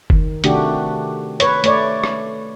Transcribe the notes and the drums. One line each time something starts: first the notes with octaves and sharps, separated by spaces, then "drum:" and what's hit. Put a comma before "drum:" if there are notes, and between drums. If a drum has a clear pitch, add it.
D#3, drum: kick F1
C3 D#3 A3 D4 F#4 G4, drum: hi-hat
B4 C#5, drum: hi-hat
A3 C#5 D5, drum: hi-hat
drum: rim click